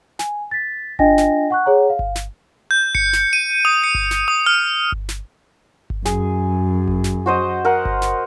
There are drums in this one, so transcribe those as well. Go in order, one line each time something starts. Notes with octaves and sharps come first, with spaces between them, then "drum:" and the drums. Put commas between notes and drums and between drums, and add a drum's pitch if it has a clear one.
G#5, drum: snare
A6 B6
D4 F4 D#5 G5 G#5 A#6, drum: kick G1
drum: snare
F#5 C#6 F#6
G#4 C#5 F#5 A#5
F5
drum: kick G1
drum: snare
G6
C#7, drum: kick G1
drum: snare
D#7
D#6
C#7
drum: kick G1
drum: snare
D#6
F6
drum: kick G1
drum: snare
drum: kick G1
F#2 G#4, drum: snare
drum: kick G1
drum: snare
F#4 C5 D#5
A#4 F#5
drum: kick G1
drum: snare